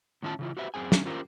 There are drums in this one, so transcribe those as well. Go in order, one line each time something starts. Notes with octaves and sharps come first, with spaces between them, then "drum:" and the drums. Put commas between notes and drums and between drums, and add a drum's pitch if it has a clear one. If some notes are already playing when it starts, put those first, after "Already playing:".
A2 D#3 C#4 E4 F4 A5
C#3 E3 F4
F#4 G4 B4 C5 E5
F#2 C4 G#4 G#5
C#4, drum: snare
C#4 F4 G4 A#4 C5